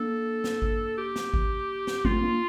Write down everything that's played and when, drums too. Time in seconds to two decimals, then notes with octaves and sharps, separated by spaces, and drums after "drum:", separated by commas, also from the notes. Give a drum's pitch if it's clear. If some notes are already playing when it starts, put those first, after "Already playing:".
Already playing: A#3 D4 A4
0.44 drum: snare
0.62 drum: kick G#1
0.98 G4
1.16 drum: snare
1.34 drum: kick G#1
1.87 drum: snare
2.05 A3 C4 F4, drum: kick G#1
2.23 A#3 D4